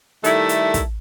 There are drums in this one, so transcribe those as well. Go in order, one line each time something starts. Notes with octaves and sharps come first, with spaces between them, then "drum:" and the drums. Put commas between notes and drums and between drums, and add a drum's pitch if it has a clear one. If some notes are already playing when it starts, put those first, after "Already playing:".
D#3 G3 A3 E4 A4, drum: hi-hat
drum: hi-hat
drum: kick, hi-hat